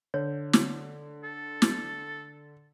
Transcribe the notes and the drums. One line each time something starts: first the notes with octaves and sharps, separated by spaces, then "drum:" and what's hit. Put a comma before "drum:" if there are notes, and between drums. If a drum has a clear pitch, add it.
D3 C#5
drum: snare
A4
drum: snare